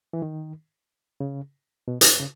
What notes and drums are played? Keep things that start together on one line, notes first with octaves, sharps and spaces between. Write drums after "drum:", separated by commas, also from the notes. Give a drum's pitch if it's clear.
E3
D#3
C#3
B2
drum: hi-hat
C#3